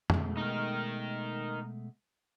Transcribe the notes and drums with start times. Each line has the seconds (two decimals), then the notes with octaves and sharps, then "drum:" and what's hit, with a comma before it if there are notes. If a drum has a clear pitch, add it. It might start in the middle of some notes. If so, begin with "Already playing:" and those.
0.10 B2 G#3 A3, drum: tom F2
0.37 D#4 A#4